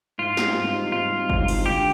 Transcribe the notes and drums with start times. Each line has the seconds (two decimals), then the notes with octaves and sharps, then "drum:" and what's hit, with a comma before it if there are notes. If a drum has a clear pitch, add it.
0.18 G#2 F4
0.37 G3 C4 D#4, drum: snare
0.55 G#2
0.74 G3 C4 D#4
0.92 G#2 F4
1.11 G3 C4 D#4
1.30 G#2, drum: kick G1
1.48 G3 C4 D#4, drum: cymbal
1.66 D3 G4